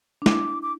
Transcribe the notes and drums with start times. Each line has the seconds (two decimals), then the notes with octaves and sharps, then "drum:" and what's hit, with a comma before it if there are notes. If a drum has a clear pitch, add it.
0.22 D4
0.26 E4 D6, drum: snare
0.62 D6